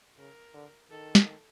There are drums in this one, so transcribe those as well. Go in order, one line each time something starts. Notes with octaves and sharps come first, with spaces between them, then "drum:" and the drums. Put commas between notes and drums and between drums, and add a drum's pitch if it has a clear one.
C#3 A#4
D3
D#3 A4
drum: snare